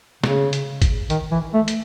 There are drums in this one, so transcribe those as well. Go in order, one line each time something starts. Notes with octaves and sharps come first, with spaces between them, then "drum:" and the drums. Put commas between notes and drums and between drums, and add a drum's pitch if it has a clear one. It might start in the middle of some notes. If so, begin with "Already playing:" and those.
C#3, drum: snare
drum: hi-hat
drum: kick, hi-hat
D#3, drum: hi-hat
E3
A3
drum: hi-hat